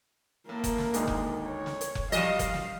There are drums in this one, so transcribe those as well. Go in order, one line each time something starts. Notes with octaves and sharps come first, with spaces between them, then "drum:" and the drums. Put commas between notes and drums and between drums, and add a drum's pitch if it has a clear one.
A2 A#3 A#4
drum: kick F1, hi-hat
drum: snare
D2 G#2 D#3, drum: hi-hat
drum: kick F1
C#5
drum: snare
drum: hi-hat
drum: kick F1
F3 G3 D#5 F5, drum: hi-hat
drum: kick F1, hi-hat
drum: snare